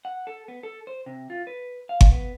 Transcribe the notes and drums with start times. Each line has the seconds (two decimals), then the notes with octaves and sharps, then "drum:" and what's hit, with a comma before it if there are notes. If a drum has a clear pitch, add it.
0.05 F#5
0.27 A4
0.48 B3
0.63 A4
0.87 C5
1.06 C3
1.30 F4
1.47 B4
1.89 F5
2.01 drum: kick G1
2.11 B3